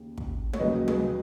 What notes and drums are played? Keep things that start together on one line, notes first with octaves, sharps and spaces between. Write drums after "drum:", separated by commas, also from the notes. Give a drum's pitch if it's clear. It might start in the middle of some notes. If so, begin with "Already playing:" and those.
Already playing: D#2 C#3
drum: kick
C#5, drum: tom
D#2 C#3 F#3 A3 B4 D#5
G#4 B4, drum: tom